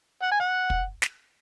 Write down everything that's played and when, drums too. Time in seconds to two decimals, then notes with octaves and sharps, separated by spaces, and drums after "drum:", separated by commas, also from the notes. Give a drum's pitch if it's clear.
0.23 F#5
0.31 G#5
0.40 F#5
0.70 drum: kick
1.02 drum: snare